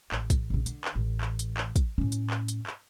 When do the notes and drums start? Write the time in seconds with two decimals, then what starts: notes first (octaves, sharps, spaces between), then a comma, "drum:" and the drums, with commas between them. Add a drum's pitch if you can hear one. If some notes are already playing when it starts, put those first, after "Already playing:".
0.12 A1, drum: clap
0.30 drum: kick, hi-hat
0.50 A#1 C#3
0.66 D3, drum: hi-hat
0.85 drum: clap
0.95 A1
1.21 drum: clap
1.39 drum: hi-hat
1.57 drum: clap
1.76 drum: kick, hi-hat
1.98 A2 C#4
2.12 drum: hi-hat
2.30 drum: clap
2.48 drum: hi-hat
2.67 drum: clap